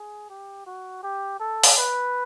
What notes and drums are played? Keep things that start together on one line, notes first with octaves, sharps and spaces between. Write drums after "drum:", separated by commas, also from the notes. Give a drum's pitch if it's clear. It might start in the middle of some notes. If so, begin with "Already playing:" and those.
Already playing: G#4
G4
F#4
G4
A4
drum: open hi-hat
B4